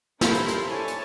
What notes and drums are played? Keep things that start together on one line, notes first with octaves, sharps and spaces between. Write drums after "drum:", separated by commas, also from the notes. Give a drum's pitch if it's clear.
C#4 E4 G4 A4 A#4 C5, drum: snare
drum: hi-hat
drum: hi-hat
D4 A4 C#5 E5 G#5 A5
drum: hi-hat